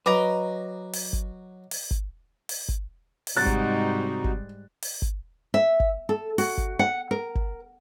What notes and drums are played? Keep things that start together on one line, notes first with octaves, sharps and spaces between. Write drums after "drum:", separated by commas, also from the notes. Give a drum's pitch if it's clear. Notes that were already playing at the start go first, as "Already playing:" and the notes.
F#3 B4 D#5 A#5 D6
drum: open hi-hat
drum: kick G1
drum: open hi-hat
drum: kick G1
drum: open hi-hat
drum: kick G1
drum: open hi-hat
G#2 C3 G3 G#3 D#4 F#4 F#6 A6
drum: kick G1
drum: kick G1
drum: open hi-hat
drum: kick G1
E5
drum: kick G1
A4
F#4, drum: open hi-hat
drum: kick G1
F#5
A#4
drum: kick G1